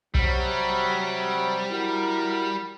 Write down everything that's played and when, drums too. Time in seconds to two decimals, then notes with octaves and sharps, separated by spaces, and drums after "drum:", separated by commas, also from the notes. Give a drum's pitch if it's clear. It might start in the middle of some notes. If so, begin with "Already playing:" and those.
0.15 C3 F#3 G3, drum: kick B1
1.70 E4 F#4 A#4